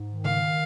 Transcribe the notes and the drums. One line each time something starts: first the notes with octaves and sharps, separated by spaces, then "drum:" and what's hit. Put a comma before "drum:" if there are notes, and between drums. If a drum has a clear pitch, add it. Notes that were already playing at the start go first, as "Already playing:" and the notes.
Already playing: G#2
D#3
F5, drum: tom C#3